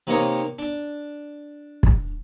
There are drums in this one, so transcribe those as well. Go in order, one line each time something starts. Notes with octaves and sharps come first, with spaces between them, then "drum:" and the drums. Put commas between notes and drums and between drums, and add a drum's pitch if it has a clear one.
C3 D#3 A#3 D#4 C#5 D#6
D4
drum: kick